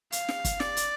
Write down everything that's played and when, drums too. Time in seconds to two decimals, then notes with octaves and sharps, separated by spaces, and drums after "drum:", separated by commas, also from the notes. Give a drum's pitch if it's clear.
0.12 F5, drum: hi-hat
0.29 drum: snare
0.45 drum: kick, hi-hat
0.60 D5, drum: snare
0.77 drum: hi-hat